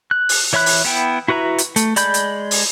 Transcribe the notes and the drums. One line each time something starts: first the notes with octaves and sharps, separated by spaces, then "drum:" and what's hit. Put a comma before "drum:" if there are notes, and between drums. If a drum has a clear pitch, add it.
F#6
drum: open hi-hat
E3 C#5 E5 B5 F#6
drum: open hi-hat
B3 E4 G5
E4 F#4 B4 E5 A#5
drum: hi-hat
A3, drum: hi-hat
G#3 D5 B5 G6, drum: hi-hat
drum: hi-hat
drum: open hi-hat